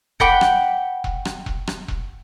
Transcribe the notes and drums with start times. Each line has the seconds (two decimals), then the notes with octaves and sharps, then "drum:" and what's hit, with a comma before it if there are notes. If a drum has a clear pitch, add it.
0.20 F#5 G5 B5 D6, drum: kick E1
0.41 drum: rim click
1.04 drum: kick E1
1.25 drum: rim click
1.46 drum: kick E1
1.67 drum: rim click
1.88 drum: kick E1